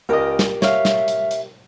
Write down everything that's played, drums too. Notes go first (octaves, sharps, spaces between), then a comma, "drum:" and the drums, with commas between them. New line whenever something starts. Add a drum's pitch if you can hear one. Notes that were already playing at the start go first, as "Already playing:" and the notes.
C#2 G4 A#4 D5 D#5
drum: snare
C#5 E5 F5, drum: snare
drum: snare
drum: hi-hat
drum: hi-hat